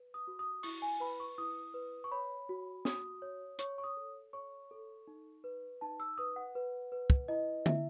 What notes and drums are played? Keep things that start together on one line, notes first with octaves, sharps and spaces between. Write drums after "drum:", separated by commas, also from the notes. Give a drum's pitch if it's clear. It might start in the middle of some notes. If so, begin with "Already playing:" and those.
Already playing: B4
D#6
F#4
D#6
E4 C#6, drum: open hi-hat
G#5
B4 B5
C#6
E4 D#6
B4
C#6
C#5 B5
F#4
F#4 D#6, drum: snare
C#5
C#5 C#6, drum: hi-hat
C#6
D#6
A4
C#5 C#6
A4
D#4
B4
D#4 A5
E6
B4 D#6
F#5
B4
B4
drum: kick
E4 D#5
E4 E5, drum: tom D3